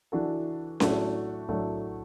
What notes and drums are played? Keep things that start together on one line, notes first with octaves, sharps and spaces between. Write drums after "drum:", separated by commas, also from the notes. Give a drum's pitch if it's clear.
E3 D4 F#4 A4
A2 F#3 A3 D4 F#4, drum: snare C#4
A2 F#3 A3 D4 F#4